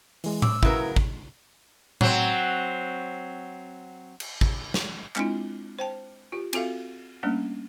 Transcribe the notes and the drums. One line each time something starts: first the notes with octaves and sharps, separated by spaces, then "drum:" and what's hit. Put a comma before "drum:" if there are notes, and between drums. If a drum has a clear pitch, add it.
E3 G#3, drum: open hi-hat
D6 E6, drum: tom A2
C#3 F#3 E4 A#4 B4, drum: kick
drum: kick
F#3 C4, drum: tom A2
drum: cymbal
drum: kick
drum: snare
G#3 C4 D4 E4 F4, drum: clap
C5 G5 A5
F4 G4
C4 F4 F#4 A4 E5 F5, drum: cymbal
G3 A3 A#3 C#4 D4